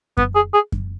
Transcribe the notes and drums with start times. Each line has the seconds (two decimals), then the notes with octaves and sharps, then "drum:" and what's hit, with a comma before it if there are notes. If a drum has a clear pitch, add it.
0.17 B3, drum: kick F#2
0.35 G#4
0.54 G#4
0.72 drum: kick F#2